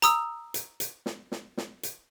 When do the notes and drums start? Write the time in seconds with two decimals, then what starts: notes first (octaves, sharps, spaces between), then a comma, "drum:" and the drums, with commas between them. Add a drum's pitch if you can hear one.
0.02 A#5 D#6 E6, drum: hi-hat
0.54 drum: hi-hat
0.80 drum: hi-hat
1.06 drum: snare
1.32 drum: snare
1.57 drum: snare
1.83 drum: hi-hat